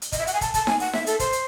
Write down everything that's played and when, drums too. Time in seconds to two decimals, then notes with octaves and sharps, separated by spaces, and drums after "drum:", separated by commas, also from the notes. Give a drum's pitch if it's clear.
0.02 drum: hi-hat
0.12 D#5, drum: kick, hi-hat
0.19 E5
0.27 F#5, drum: hi-hat
0.34 G#5
0.41 A5, drum: kick, hi-hat
0.54 A5, drum: kick, hi-hat
0.67 G#5, drum: snare D#4
0.80 F#5, drum: open hi-hat
0.93 E5, drum: snare D#4
1.07 A4, drum: hi-hat
1.19 C5, drum: kick, hi-hat
1.32 drum: hi-hat